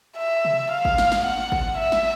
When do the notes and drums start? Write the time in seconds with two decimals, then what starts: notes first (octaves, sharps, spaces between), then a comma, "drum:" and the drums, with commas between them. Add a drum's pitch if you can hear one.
0.18 E5
0.45 drum: tom C3
0.71 F5
0.85 drum: kick
0.98 drum: snare
1.12 drum: snare
1.25 F#5, drum: tom G#3
1.52 drum: kick
1.78 E5
1.92 drum: snare